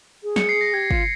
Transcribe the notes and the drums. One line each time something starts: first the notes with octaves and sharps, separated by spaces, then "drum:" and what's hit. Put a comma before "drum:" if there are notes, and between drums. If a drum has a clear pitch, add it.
G#4
C#7, drum: snare
C7
A#6
G4 G#6
F4, drum: kick